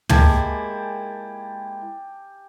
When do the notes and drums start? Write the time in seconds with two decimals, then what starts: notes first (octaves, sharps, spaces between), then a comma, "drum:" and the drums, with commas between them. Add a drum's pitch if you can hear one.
0.09 G#3 A#3 E4 G4 G#5 A5, drum: tom